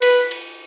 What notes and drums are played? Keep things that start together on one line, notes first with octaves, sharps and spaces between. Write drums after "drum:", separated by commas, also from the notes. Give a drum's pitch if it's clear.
B4, drum: cymbal
drum: cymbal